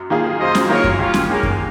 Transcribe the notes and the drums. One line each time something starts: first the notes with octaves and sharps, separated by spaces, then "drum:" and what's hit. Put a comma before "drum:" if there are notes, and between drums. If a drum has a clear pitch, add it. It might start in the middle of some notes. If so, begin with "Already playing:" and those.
Already playing: F#2
D#3 A#3 F4 G#4
F#2 C5 D#5
drum: snare C#4
D#3 A#3 F4 G#4 A#4 C#5
drum: kick F#2
D#2 C#4 F4
drum: snare C#4
D#3 G#3 A#3 C#4
drum: kick F#2